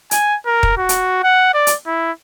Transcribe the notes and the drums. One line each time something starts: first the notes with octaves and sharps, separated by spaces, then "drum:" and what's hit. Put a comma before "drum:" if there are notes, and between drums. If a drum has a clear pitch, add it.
G#5, drum: hi-hat
A#4
drum: kick
F#4
drum: hi-hat
F#5
D5
drum: hi-hat
E4